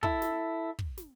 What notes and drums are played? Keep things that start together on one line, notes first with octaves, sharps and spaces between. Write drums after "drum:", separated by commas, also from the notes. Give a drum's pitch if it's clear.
E4 A4, drum: kick
drum: snare
drum: kick
drum: snare